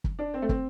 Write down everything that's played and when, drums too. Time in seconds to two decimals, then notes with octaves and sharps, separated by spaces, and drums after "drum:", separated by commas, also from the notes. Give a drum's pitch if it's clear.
0.04 drum: kick
0.19 D4
0.34 C4
0.42 A3
0.49 C4, drum: kick